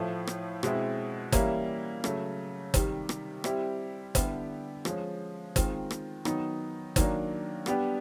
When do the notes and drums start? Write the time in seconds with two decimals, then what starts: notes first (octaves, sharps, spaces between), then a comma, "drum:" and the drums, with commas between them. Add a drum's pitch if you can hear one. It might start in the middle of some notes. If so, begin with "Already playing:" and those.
Already playing: A2 F3 A3
0.27 drum: rim click
0.63 B2 G#3 C4 E4, drum: rim click
1.32 E3 G3 A#3 C#4 E4, drum: kick, hi-hat
2.04 C#3 F#3 A3, drum: rim click
2.74 C3 D#3 G3, drum: kick, hi-hat
3.09 drum: rim click
3.44 G3 C4 E4 G4, drum: rim click
4.15 D3 G3 B3 E4 G4, drum: kick, hi-hat
4.85 F3 G#3 C#4, drum: rim click
5.56 D#3 G#3 C4 F4, drum: kick, hi-hat
5.91 drum: rim click
6.25 D#3 F#3 B3 D#4, drum: rim click
6.96 D#3 F#3 A#3 D4, drum: kick, hi-hat
7.66 G3 B3 D4 G4, drum: rim click